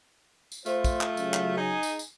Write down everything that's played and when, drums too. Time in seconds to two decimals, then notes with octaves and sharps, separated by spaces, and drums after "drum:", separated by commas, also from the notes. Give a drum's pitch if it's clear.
0.52 drum: tambourine
0.66 A3 F4 C5, drum: tambourine
0.84 drum: kick, tambourine
1.01 drum: clap
1.17 C#3 F#3, drum: tambourine
1.34 drum: clap
1.58 D#4 G#4
1.83 drum: tambourine
1.99 drum: tambourine